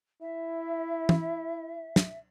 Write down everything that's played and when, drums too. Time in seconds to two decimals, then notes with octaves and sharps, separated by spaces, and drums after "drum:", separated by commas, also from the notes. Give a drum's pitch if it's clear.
0.21 E4 E5
1.09 drum: tom
1.96 drum: snare